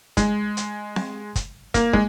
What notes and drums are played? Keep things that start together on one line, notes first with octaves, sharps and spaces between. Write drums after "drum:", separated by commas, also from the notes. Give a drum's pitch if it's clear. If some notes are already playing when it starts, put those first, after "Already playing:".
G#3, drum: kick, hi-hat
drum: hi-hat
drum: snare C4
drum: kick, hi-hat
A#3, drum: kick, hi-hat
G#3, drum: kick